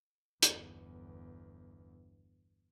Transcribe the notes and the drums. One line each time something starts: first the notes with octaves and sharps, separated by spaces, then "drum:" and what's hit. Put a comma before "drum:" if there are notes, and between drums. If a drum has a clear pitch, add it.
G1 E2, drum: hi-hat